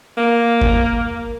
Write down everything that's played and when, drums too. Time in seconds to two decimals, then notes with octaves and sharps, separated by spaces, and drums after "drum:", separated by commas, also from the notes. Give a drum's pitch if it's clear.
0.17 A#3
0.62 drum: kick G1